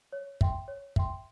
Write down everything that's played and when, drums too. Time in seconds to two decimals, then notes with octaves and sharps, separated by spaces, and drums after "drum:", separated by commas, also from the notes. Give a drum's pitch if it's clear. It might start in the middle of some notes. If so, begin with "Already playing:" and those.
0.12 C#5
0.41 E5 G5 C6, drum: kick
0.68 C#5
0.96 E5 G5 C6, drum: kick